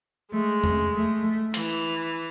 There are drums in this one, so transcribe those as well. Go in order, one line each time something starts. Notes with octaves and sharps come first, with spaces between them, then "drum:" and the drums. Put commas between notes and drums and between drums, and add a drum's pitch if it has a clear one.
G#3 A3
A3, drum: tom E2
A3
E3, drum: hi-hat